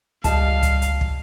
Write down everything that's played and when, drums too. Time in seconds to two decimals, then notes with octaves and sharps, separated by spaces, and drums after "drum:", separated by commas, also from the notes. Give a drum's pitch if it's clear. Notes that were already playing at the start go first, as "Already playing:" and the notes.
0.24 C#2 G3 D#5 F5 A5, drum: kick, hi-hat
0.63 drum: kick, hi-hat
0.82 drum: hi-hat
1.01 drum: kick